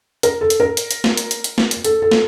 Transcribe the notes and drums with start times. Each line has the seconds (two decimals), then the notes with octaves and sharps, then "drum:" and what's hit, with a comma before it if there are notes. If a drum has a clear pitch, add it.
0.23 A#4, drum: hi-hat
0.41 A4
0.50 drum: hi-hat
0.60 A#4
0.77 drum: hi-hat
0.91 drum: hi-hat
1.04 drum: snare
1.17 drum: hi-hat
1.31 drum: hi-hat
1.44 drum: hi-hat
1.58 drum: snare
1.71 drum: hi-hat
1.84 A4, drum: hi-hat
2.02 A4
2.11 drum: snare